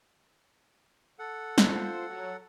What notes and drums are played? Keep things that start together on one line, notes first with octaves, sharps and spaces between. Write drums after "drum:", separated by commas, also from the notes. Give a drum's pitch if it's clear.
A4 F#5
F4 C5, drum: snare
F#3